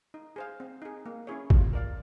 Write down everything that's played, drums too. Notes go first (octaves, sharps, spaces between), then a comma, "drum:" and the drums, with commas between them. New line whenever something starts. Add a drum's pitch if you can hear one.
D#4
G#4 C5 F5
C4
D#4 G#4
A#3
C#4 E4 G#4 C#5
F4, drum: kick G#1
A#4 D5 F5